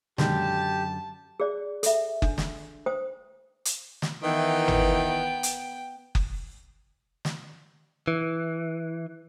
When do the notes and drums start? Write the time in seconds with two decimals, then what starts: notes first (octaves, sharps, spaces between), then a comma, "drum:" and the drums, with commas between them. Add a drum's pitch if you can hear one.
0.18 F#2 B2 D3 D#3 G#3 G4 A5, drum: snare
1.40 G#4 D5
1.83 A4 E5, drum: hi-hat
2.22 D4, drum: kick F#1
2.38 drum: snare
2.86 C5 G5 D#6
3.65 drum: hi-hat
4.02 drum: snare
4.23 D#3 E3 B3 G5
4.68 drum: tom
5.43 drum: hi-hat
6.15 drum: kick F#1
7.25 drum: snare
8.08 E3